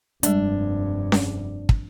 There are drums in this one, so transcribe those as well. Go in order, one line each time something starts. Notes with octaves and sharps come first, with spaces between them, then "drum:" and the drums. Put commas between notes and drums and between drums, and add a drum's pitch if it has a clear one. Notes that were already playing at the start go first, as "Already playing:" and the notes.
F1 G2 G3 G#3 D4, drum: hi-hat
drum: snare C#4
drum: kick